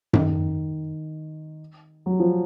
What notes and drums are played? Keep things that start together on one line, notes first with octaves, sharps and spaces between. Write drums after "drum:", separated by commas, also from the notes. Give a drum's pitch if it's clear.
D#3, drum: tom F#2
F#3
F3